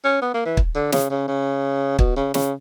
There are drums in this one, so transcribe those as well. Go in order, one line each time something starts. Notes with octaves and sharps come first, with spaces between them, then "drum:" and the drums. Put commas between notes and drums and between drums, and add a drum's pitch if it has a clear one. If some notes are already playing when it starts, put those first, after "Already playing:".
C#4
B3
A#3
E3
drum: kick
D3
C#3, drum: snare
C#3
C#3
B2, drum: kick
C#3
C#3, drum: snare